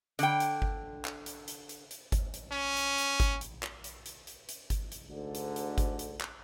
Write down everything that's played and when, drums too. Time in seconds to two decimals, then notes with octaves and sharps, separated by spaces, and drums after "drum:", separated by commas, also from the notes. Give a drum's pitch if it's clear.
0.19 D3 G5, drum: hi-hat
0.40 drum: hi-hat
0.62 drum: kick G1
1.05 drum: clap
1.26 drum: hi-hat
1.48 drum: hi-hat
1.69 drum: hi-hat
1.91 drum: hi-hat
2.12 drum: kick G1, hi-hat
2.34 drum: hi-hat
2.52 C#4
2.77 drum: hi-hat
2.98 drum: hi-hat
3.20 drum: kick G1, hi-hat
3.41 drum: hi-hat
3.63 drum: clap
3.84 drum: hi-hat
4.06 drum: hi-hat
4.27 drum: hi-hat
4.49 drum: hi-hat
4.70 drum: kick G1, hi-hat
4.92 drum: hi-hat
5.09 D2 G#2 D3
5.35 drum: hi-hat
5.56 drum: hi-hat
5.78 drum: kick G1, hi-hat
5.99 drum: hi-hat
6.21 drum: clap